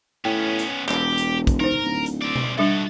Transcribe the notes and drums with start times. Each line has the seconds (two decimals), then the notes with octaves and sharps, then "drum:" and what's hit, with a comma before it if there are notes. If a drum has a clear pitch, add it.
0.25 A2 B3 C#4 G5
0.59 drum: hi-hat
0.88 E1 G4, drum: clap
1.18 drum: hi-hat
1.47 drum: kick, hi-hat
1.60 D#4 A#4 C5
1.84 D1
2.06 drum: hi-hat
2.21 C4 D5
2.36 drum: tom B2
2.58 G3 D4 F#4 A4 E5